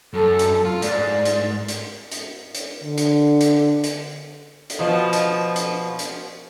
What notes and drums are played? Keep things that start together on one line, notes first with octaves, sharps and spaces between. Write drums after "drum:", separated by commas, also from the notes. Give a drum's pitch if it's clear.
F#2 A4
drum: hi-hat
F4
G#2 D5, drum: hi-hat
drum: hi-hat
drum: hi-hat
drum: hi-hat
drum: hi-hat
D3
drum: hi-hat
drum: hi-hat
drum: hi-hat
drum: hi-hat
B2 F3
drum: hi-hat
drum: hi-hat
drum: hi-hat